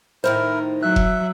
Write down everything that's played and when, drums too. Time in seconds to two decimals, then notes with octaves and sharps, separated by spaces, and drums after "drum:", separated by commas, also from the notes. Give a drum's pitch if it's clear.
0.24 A2 D#3 D#4 E4 A#4 C5
0.83 F#3 E5 F#6
0.96 drum: kick F1